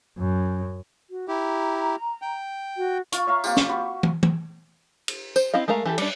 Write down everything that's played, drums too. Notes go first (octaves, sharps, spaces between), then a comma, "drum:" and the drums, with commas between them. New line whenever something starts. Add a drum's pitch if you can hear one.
F#2
F#4
E4 G4 A#5
G5
F#4
F4 C#6, drum: hi-hat
C#5 E5 F5 A#5
A#3 C4 F4 G4, drum: tambourine
drum: snare
F#4 B5
drum: tom
drum: tom
drum: cymbal
C5, drum: tambourine
C4 E4 D#5 F5
G#3 A3 A#4 F5 A#5
E3 G4 A4
G3 D4, drum: cymbal